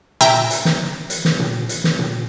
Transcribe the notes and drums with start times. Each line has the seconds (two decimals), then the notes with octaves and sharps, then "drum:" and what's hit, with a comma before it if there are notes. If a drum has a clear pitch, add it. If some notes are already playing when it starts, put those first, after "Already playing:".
0.21 E5 G5 A#5, drum: tom A#2
0.50 drum: hi-hat
0.65 drum: snare
1.10 drum: hi-hat
1.25 drum: snare
1.40 drum: tom A#2
1.69 drum: hi-hat
1.84 drum: snare
1.99 drum: tom A#2